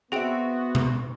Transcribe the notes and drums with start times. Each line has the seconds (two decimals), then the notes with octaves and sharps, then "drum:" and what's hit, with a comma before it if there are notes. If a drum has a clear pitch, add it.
0.12 B3 C4 F#4 G#4 E5 G5 D7
0.75 drum: tom B2